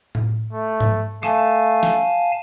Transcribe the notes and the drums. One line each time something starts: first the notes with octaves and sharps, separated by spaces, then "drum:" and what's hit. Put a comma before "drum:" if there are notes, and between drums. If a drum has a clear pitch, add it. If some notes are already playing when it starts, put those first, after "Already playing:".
drum: tom A2
A3
drum: tom G#2
A3 F5 G#5 A5, drum: rim click
drum: snare